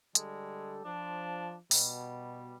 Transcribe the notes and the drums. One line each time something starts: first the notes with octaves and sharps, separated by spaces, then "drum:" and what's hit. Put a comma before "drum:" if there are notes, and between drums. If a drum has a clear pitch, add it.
D3 G3 G#3 A4, drum: hi-hat
F3 D4
B2 G3, drum: open hi-hat